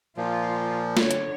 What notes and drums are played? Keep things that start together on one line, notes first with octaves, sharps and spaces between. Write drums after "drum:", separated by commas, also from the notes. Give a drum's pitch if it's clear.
A#2 F3 F4
D3 C#5, drum: snare
drum: hi-hat